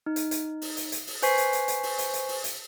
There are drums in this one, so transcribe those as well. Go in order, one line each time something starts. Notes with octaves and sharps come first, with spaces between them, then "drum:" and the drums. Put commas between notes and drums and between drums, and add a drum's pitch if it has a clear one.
D#4
drum: hi-hat
drum: hi-hat
drum: open hi-hat
drum: hi-hat
drum: hi-hat
drum: open hi-hat
B4 C5 G#5 C#6 B6 C7, drum: hi-hat
drum: hi-hat
drum: hi-hat
drum: hi-hat
drum: open hi-hat
drum: hi-hat
drum: hi-hat
drum: open hi-hat
drum: hi-hat